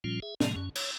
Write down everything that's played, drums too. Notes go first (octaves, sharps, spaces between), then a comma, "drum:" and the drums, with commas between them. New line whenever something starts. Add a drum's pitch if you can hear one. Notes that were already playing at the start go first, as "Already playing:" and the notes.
A#2 F3 G3 C#4 F4
G#4 E5
A2 C3 F3 G#3 A#3, drum: snare
F#2 C#4
C#5, drum: cymbal